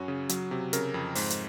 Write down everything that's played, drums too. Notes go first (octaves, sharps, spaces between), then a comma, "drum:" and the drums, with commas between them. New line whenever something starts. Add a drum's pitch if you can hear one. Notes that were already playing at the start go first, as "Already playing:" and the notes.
Already playing: F#2 C#4 F#4
C#3
F#3, drum: hi-hat
C3
C#3 A#4, drum: hi-hat
F2
G#2 C5, drum: open hi-hat
drum: hi-hat